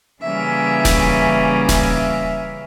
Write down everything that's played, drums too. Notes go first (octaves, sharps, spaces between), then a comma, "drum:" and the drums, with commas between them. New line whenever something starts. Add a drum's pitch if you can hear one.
C#3 E3 G3 A#3 C#4 E5
drum: snare D#1
E5, drum: snare D#1